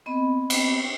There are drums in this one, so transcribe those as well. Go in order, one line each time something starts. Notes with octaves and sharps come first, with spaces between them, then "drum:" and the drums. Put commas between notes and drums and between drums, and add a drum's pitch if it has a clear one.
B3 C4 D#5 B5
drum: cymbal